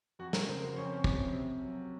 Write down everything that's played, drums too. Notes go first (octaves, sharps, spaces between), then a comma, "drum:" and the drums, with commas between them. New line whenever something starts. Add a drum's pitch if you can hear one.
F2 F#4
A#4, drum: snare
C#3 C5
A#4
F2 C#4
C4
C#4
C3, drum: kick
C3
F#3